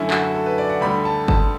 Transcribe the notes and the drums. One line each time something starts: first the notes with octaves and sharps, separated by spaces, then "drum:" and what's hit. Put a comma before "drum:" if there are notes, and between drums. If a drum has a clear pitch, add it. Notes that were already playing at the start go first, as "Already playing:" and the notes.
Already playing: F#2 D3 A3 C#4 E4
F#4, drum: clap
A4
B4
D5
F#5
D2 D3 G3 B5
A5
A5, drum: kick G1